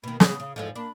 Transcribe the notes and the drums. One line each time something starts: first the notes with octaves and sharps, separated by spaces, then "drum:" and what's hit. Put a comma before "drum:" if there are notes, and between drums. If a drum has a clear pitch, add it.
B2 D#3 A#3 B5
C#3 B3 G#4 D#6, drum: snare
C#3 F5
E2 G#2 F3 A4 D#5
A#3 D4 B5